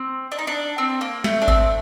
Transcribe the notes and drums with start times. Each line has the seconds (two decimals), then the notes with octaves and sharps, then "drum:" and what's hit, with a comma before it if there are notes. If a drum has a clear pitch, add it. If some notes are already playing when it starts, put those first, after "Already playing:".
Already playing: C4
0.32 D4
0.38 D#4
0.47 D4
0.78 C4
1.01 A#3
1.24 A3, drum: snare
1.42 D4
1.48 C4, drum: kick G#1